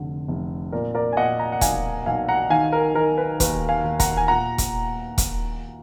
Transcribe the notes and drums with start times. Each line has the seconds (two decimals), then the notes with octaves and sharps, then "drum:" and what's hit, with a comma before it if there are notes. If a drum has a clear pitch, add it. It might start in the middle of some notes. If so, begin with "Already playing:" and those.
Already playing: F1 D3
0.28 F1
0.72 A#2 A#4 D5
0.95 A#4 D5
1.13 G#5
1.17 A#2 D#5 F#5
1.39 F#5 A#5
1.52 F#5
1.61 B1 F5 G#5, drum: kick E1, hi-hat
2.06 B1 F5 G#5
2.29 F#5 A#5
2.50 D#3 F5 G#5
2.73 A#4
2.95 D#3 A#4
3.18 B4
3.40 D#2 B4, drum: kick E1, hi-hat
3.69 F5 G#5
3.84 D#2
4.00 F#5 A#5, drum: kick E1, hi-hat
4.17 G#5
4.28 A#2 F#5 A#5
4.58 drum: kick E1, hi-hat
5.18 drum: kick E1, hi-hat